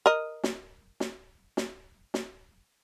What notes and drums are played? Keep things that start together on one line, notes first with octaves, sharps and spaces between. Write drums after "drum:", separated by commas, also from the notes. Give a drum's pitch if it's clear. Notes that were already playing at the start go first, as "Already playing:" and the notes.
A#4 D#5
drum: snare
drum: snare
drum: snare
drum: snare